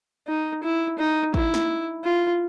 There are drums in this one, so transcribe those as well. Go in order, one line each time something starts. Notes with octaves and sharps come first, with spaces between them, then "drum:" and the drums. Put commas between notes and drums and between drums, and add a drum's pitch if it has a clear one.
D#4
E4
D#4
E4, drum: kick
drum: snare
F4